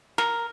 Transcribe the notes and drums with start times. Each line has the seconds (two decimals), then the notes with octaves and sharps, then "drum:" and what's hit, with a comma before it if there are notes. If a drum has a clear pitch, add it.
0.18 A#4, drum: snare